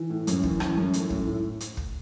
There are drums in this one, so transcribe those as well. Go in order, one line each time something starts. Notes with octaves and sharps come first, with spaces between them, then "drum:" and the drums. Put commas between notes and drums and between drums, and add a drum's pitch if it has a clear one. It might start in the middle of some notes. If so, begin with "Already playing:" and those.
Already playing: E3
A2
F#2, drum: hi-hat
E3, drum: kick
E3, drum: rim click
F#2
A2, drum: hi-hat
A2, drum: kick
A2
drum: hi-hat
drum: kick